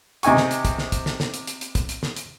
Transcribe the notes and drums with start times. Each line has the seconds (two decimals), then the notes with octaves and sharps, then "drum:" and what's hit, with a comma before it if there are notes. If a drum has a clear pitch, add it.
0.23 C3 D#4 G#5 C#6, drum: hi-hat
0.37 drum: snare
0.51 drum: hi-hat
0.65 drum: kick, hi-hat
0.78 drum: snare
0.92 drum: kick, hi-hat
1.06 drum: snare
1.20 drum: snare
1.34 drum: hi-hat
1.47 drum: hi-hat
1.61 drum: hi-hat
1.75 drum: kick, hi-hat
1.89 drum: hi-hat
2.03 drum: snare
2.17 drum: hi-hat